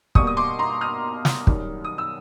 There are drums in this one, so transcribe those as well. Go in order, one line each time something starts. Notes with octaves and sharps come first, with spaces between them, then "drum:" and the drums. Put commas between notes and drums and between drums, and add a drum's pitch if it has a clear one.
B2 G3 A#3 C#6 D#6, drum: kick
D#6
C6 D6
A#5 C6
D#6 F6
drum: snare
F#2 D#3 G3, drum: kick
D#6
E6